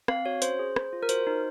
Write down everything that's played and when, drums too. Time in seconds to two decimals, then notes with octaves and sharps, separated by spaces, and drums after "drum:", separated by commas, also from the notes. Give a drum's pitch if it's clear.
0.08 C4 F5, drum: rim click
0.25 F#4 C#5
0.42 C#4 C5, drum: hi-hat
0.59 G#4
0.76 G#4, drum: rim click
0.93 F4
1.03 A#4
1.09 F#4 C5, drum: hi-hat
1.27 D#4